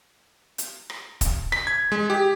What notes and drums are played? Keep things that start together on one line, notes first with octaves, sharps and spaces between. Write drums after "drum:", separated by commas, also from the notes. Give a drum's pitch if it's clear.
drum: hi-hat
drum: rim click
drum: kick, hi-hat
B6, drum: rim click
G#6
G#3
G4